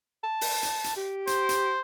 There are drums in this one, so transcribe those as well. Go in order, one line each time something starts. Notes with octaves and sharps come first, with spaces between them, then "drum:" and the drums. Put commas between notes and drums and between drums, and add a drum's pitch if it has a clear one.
A5
drum: open hi-hat
drum: hi-hat
drum: hi-hat
G4
C5, drum: hi-hat
drum: hi-hat